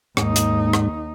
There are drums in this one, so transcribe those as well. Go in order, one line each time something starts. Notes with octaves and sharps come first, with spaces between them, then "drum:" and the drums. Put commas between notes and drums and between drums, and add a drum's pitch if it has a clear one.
D#2 G#2 D#4, drum: rim click
drum: hi-hat
drum: rim click